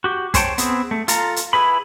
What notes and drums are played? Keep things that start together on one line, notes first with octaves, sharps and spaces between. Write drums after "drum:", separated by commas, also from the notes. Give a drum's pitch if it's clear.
F#4 G4
G#4 C5 C#5 G5 A5, drum: kick, hi-hat
B3 C4 G#4, drum: hi-hat
A3
F4 A4 A#5, drum: hi-hat
drum: hi-hat
E4 G#4 B4 B5